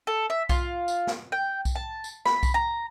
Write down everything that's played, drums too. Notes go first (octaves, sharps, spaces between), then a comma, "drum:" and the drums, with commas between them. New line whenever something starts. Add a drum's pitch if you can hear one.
A4
E5
F4, drum: kick B1, tambourine
drum: tambourine
drum: snare
G5
drum: kick B1, tambourine
A5
drum: tambourine
B5, drum: snare
drum: kick B1, tambourine
A#5